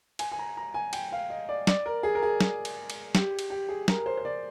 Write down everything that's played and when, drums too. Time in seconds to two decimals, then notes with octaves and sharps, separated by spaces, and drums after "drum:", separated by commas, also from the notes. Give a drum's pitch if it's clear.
0.19 G#5, drum: cymbal
0.32 G#5
0.39 A#5
0.57 A#5
0.74 G#5
0.93 G5, drum: cymbal
1.12 F5
1.30 D#5
1.49 D5
1.67 D5, drum: snare
1.86 A#4
2.03 G#4
2.15 A#4
2.23 G#4
2.41 drum: snare
2.65 drum: cymbal
2.90 drum: cymbal
3.15 G4, drum: snare
3.39 drum: cymbal
3.50 G4
3.69 G#4
3.88 A#4, drum: snare
3.98 A#4
4.06 C5
4.17 C5
4.25 D5